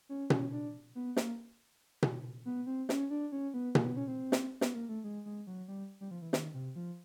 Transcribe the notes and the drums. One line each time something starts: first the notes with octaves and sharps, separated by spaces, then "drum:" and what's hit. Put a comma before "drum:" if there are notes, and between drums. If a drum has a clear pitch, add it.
C#4
C#4, drum: tom B2
D4
B3
A#3, drum: snare
drum: tom B2
B3
C4
C#4, drum: snare
D4
C#4
B3
A#3, drum: tom B2
B3
C#4
C4
drum: snare
B3, drum: snare
A#3
A3
G#3
G#3
F#3
G3
G3
F3
E3
D#3, drum: snare
C3
F3